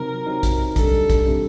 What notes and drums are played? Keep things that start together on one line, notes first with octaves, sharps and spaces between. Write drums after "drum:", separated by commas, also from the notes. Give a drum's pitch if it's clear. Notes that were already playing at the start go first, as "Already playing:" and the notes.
Already playing: C3 F#3 C4 D#4 A#4
C3 F#3 C4 D#4
drum: kick A#1, hi-hat
D2 C3 G3 D4 A4, drum: kick A#1, hi-hat
drum: kick A#1, hi-hat
C3 G3 D4